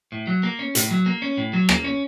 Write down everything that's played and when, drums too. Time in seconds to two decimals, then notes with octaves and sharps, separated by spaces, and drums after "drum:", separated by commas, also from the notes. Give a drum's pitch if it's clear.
0.12 A2
0.27 F#3
0.43 A#3
0.59 C#4
0.75 A2, drum: hi-hat
0.91 F#3
1.06 A#3
1.22 C#4
1.37 A2
1.53 F#3
1.69 A#3, drum: rim click
1.84 C#4